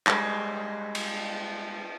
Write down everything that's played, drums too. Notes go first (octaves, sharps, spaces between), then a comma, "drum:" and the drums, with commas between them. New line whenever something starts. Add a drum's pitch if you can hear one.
G3 G#3, drum: clap
drum: cymbal